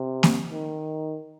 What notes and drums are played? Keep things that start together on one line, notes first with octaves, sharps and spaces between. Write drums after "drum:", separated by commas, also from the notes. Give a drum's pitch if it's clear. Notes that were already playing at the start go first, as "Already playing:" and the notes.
Already playing: C3
drum: snare A#3
D#3